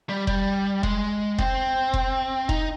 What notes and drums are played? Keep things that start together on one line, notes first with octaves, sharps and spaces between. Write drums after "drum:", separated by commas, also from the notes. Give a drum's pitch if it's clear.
G3
G3, drum: kick F1
G#3, drum: kick F1
C4, drum: kick F1
drum: kick F1
D#4, drum: kick F1